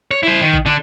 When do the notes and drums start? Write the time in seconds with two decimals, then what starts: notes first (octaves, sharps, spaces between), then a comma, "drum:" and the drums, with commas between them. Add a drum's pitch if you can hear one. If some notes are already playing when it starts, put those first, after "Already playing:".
0.11 C#5
0.23 E4 C5
0.42 D#3
0.53 drum: kick A1
0.66 D3 D4